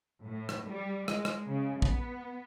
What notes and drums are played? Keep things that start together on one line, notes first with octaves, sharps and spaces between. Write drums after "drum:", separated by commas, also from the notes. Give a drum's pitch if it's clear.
A2
drum: rim click
G3
G#3, drum: rim click
drum: rim click
C#3
B3, drum: kick